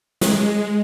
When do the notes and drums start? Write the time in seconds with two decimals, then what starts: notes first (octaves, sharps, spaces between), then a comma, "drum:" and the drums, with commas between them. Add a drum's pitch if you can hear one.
0.21 G#3, drum: snare